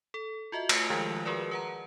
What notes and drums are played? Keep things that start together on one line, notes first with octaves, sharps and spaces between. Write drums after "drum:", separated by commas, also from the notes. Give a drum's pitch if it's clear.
A4
F4 F#4 D#5 E5
A3 F4, drum: cymbal
D#3 F3 G#3 F4
F#4 G#4 A#4 B4 D5
B4 F#5 A#5